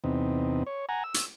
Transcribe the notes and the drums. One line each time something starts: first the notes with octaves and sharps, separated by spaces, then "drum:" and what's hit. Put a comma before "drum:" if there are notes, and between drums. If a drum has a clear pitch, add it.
E2 C3 B3 C4 D#4
C#5
F#5 G#5 A#5
E6
drum: hi-hat